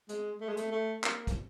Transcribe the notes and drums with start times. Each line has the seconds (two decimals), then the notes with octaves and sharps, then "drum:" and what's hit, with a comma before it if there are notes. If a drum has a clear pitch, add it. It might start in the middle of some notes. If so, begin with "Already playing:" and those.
0.09 G#3, drum: hi-hat
0.41 A3
0.49 G#3
0.57 A3, drum: hi-hat
0.72 A3
1.04 A#3, drum: clap
1.27 drum: kick, hi-hat